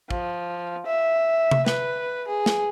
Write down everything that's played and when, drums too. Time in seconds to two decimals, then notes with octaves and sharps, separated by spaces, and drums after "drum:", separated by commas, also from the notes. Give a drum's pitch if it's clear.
0.10 F3, drum: kick
0.86 E5
1.51 drum: tom C3
1.66 B4, drum: snare
2.28 G#4
2.46 drum: snare